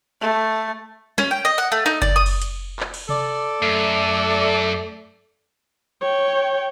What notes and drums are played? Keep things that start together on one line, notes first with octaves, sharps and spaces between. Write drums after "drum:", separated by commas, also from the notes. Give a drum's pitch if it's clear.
A3
C#4, drum: snare
G5
D#5
F#5
A3
D#4
D5, drum: kick F#1
D#6
drum: cymbal
drum: hi-hat
drum: clap
drum: cymbal
A4 D5, drum: tom C3
F#2 A3
C#5 G5